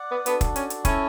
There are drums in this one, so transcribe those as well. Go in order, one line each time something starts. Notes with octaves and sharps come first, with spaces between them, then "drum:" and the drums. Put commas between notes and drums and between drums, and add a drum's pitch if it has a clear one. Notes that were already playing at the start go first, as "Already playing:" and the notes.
Already playing: D5 F#5
B3
B3 D4 F#4 A4, drum: hi-hat
drum: kick, hi-hat
C#4, drum: hi-hat
drum: hi-hat
C#4 E4 A4 C#5, drum: kick, hi-hat